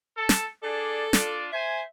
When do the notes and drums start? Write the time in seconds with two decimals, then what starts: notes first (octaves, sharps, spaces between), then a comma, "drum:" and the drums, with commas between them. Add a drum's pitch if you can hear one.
0.16 A4
0.29 drum: snare
0.63 D4 G#4 A4 D5
1.13 D4 F4 D5, drum: snare
1.52 C5 E5 G#5